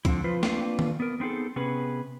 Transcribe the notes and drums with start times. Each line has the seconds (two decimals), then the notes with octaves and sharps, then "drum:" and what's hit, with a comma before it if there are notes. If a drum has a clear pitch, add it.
0.05 D3 F3 C4 E4, drum: kick, hi-hat
0.24 F3 F4 B4 C5
0.43 A#3 C4 D4 F4 B4, drum: snare
0.79 drum: tom D#3
1.00 B3 A#4
1.20 B3 C4 D#4 G#4 A4
1.56 C3 B3 C#4 G#4 B4